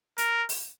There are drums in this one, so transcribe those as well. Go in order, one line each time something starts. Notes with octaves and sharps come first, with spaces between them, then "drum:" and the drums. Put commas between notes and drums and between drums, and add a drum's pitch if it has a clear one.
A#4, drum: hi-hat
drum: open hi-hat